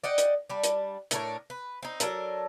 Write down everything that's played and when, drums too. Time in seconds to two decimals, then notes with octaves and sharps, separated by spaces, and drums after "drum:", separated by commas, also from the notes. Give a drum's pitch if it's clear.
0.04 D5 D#5 F#5 G5
0.18 drum: hi-hat
0.49 G3 D4
0.64 drum: hi-hat
1.11 A2 D4 A#4 C#5, drum: hi-hat
1.50 B4
1.83 C4 D#4
2.00 F#3 D4 A4 A#4, drum: hi-hat